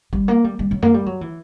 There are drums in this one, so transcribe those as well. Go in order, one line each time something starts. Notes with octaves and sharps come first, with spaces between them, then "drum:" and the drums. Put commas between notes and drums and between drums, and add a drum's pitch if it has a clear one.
G3, drum: kick G1
A#3
G3
G3
F#3
A#3, drum: tom F#2
G3
F#3
E3